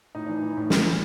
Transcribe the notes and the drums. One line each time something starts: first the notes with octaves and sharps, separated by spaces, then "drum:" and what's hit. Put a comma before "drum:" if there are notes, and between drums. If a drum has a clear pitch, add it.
A2 D#4
E3 D4
E3 D#4
A2
A2, drum: snare
E3